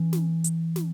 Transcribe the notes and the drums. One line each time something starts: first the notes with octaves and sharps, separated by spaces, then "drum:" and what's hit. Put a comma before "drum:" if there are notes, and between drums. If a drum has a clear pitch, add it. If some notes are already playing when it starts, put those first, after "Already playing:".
Already playing: E3 C#4
drum: snare
drum: hi-hat
drum: snare